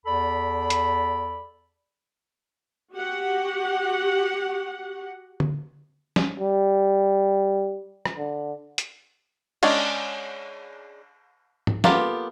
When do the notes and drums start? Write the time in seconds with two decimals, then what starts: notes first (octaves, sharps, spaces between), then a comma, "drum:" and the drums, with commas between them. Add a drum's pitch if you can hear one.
0.06 E2 A4 D5 B5
0.70 drum: hi-hat
2.94 F#4 G4 F#5
5.40 drum: tom D3
6.16 drum: snare
6.40 G3
8.06 drum: rim click
8.17 D3
8.78 drum: hi-hat
9.63 G#3 C#4 D4 G#4, drum: cymbal
11.67 drum: tom G#2
11.84 A#3 B3 F4 G4 A4, drum: snare